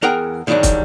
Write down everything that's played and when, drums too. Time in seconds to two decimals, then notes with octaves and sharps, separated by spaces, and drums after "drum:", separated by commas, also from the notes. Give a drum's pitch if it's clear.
0.02 E2 G#4 A#4 F#5 G5 A#5
0.47 G#2 D#3 E3 F#3 G3 D4
0.63 drum: kick, hi-hat